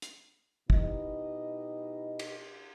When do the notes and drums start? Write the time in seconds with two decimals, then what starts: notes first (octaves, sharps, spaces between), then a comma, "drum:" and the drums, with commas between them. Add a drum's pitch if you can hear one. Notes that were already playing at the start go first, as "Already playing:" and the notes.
0.02 drum: hi-hat
0.70 B2 D#4 E4 G4 D#5, drum: kick
2.19 drum: cymbal